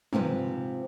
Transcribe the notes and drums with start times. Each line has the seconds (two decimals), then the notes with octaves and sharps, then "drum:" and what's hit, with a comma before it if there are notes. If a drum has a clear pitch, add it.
0.13 G#2 C3 F3 B4, drum: tom